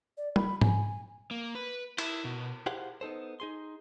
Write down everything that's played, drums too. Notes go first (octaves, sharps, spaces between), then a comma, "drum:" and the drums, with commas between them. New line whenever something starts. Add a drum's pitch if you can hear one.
D5
B5, drum: tom G3
G#5, drum: tom G#2
A#3
B4
E4, drum: cymbal
B2
E4 G4 G#4 C5 F5 F#5
B3 D#4 A4 C5
D#4 G#4 C6